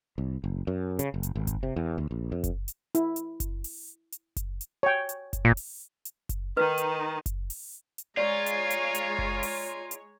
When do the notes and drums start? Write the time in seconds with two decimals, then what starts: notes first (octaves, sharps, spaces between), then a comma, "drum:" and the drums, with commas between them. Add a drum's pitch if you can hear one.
0.18 C2
0.44 F#1
0.67 F#2
0.99 C#3, drum: hi-hat
1.14 F#1
1.23 drum: hi-hat
1.35 G#1
1.47 drum: kick F#1, hi-hat
1.63 C3
1.76 E2
1.98 D2
2.11 A#1
2.32 F2
2.44 drum: kick F#1, hi-hat
2.68 drum: hi-hat
2.95 E4, drum: hi-hat
3.16 drum: hi-hat
3.40 drum: kick F#1, hi-hat
3.64 drum: open hi-hat
4.12 drum: hi-hat
4.37 drum: kick F#1, hi-hat
4.61 drum: hi-hat
4.83 C#5 G5
5.09 drum: hi-hat
5.33 drum: kick F#1, hi-hat
5.45 A#2
5.57 drum: open hi-hat
6.05 drum: hi-hat
6.29 drum: kick F#1, hi-hat
6.57 D#3 D#4 B4
6.78 drum: hi-hat
7.26 drum: kick F#1, hi-hat
7.50 drum: open hi-hat
7.98 drum: hi-hat
8.17 G#3 F4 C#5 D5 G#5 A#5
8.46 drum: hi-hat
8.70 drum: hi-hat
8.95 drum: hi-hat
9.19 drum: kick F#1
9.43 drum: open hi-hat
9.91 drum: hi-hat